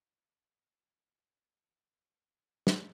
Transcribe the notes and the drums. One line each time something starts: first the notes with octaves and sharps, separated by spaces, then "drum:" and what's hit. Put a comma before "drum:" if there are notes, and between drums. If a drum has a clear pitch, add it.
D3 F5 D6
G#3 C4 C6 C#6
A4 E5 G5
drum: snare